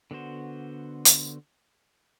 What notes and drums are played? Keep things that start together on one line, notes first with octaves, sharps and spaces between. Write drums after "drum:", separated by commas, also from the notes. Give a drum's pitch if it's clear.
D3 B3 F#4 C5
drum: hi-hat